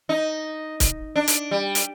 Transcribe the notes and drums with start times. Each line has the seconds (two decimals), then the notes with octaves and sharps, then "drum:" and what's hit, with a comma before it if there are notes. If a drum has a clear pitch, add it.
0.09 D#4
0.80 drum: kick C#1, hi-hat
1.16 D4
1.28 drum: hi-hat
1.51 G3
1.75 drum: hi-hat